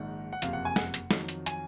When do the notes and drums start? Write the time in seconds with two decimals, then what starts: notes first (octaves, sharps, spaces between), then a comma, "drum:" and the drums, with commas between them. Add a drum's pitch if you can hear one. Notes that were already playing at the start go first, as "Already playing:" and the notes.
Already playing: A#1 G#2 D#3 F#5
0.33 F#5
0.42 F#1 F2 C3 F5, drum: hi-hat
0.53 F#5
0.65 G#5
0.76 F#5, drum: snare
0.94 drum: hi-hat
1.11 F2 D#3 F#3, drum: snare
1.28 drum: hi-hat
1.46 G#5, drum: hi-hat